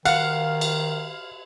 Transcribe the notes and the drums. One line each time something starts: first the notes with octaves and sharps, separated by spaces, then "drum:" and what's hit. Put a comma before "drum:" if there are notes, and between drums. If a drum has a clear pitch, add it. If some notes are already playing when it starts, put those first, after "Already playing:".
D#3 F5 F#5, drum: cymbal
drum: cymbal